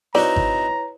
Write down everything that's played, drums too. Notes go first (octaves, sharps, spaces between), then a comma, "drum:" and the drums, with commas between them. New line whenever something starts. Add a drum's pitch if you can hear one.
C4 D#4 E4 F#4 B4 C#5 D5 A#5
drum: kick G#1